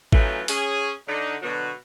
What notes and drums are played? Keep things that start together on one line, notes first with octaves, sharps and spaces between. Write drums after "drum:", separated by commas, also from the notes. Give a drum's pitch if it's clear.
E3 F#3 A3 C#4 D#4 F4, drum: kick G#1
C#4 G#4, drum: open hi-hat
D3 D#4
B2 D3 F#3 B3 F#4